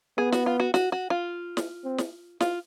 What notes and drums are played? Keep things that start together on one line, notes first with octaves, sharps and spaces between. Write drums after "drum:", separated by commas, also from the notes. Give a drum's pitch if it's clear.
B3 G#4
F#4, drum: snare
F4
F#4
F#4, drum: snare
F#4
F4
drum: snare
C4
drum: snare
F4, drum: snare